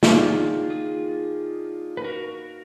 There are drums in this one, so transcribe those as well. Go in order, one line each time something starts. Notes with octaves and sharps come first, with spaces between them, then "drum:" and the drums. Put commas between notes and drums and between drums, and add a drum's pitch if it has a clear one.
D#3 A#3 D4 F4 G#4, drum: snare
F4 G#4
B4
F#4 A#4